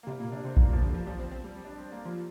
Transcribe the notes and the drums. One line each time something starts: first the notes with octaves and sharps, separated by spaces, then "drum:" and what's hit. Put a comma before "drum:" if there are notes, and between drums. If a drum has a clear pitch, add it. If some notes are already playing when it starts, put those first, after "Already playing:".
A#3
C3 G3
A#2 A#3
C3 D4
C3 C4
A#2 A#3, drum: kick A#1
A#2
F3
D3 G3
F3
F3 G3
C4
C4
G3
D4
C4
A#3
F3 G3